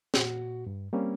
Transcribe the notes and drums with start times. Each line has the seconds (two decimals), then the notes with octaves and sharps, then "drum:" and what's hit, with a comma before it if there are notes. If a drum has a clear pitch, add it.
0.14 A#2 F#4, drum: snare
0.67 G2
0.93 G3 A#3 C4 C#4